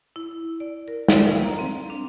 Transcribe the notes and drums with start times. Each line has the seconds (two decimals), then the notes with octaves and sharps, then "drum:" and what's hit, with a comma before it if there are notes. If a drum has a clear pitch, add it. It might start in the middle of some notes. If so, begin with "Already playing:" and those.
0.16 E4
0.60 D5
0.88 A#4
1.08 F5, drum: snare
1.43 A#5
1.59 C4
1.90 D4